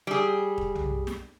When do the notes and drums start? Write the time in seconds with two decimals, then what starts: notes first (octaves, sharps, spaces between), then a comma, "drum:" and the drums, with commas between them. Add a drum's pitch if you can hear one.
0.07 G3 G#4
0.58 drum: kick D#1
0.75 drum: tom
1.07 drum: snare